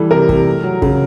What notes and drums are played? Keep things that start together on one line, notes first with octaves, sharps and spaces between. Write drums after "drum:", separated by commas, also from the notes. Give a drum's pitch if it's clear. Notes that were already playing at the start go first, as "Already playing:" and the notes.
Already playing: E3 G3 A4
C3 A#4
C3, drum: kick
A3
F#3
C#3, drum: kick